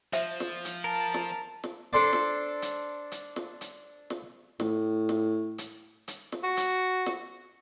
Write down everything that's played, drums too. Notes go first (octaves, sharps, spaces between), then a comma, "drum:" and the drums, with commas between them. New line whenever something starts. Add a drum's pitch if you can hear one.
F3 C5 E5, drum: hi-hat
drum: snare
drum: hi-hat
A#4 A5
drum: snare
drum: snare
D4 A4 C5 D5
drum: snare
drum: hi-hat
drum: hi-hat
drum: snare
drum: hi-hat
drum: snare
A2, drum: snare
drum: snare
drum: hi-hat
drum: hi-hat
drum: snare
F#4
drum: hi-hat
drum: snare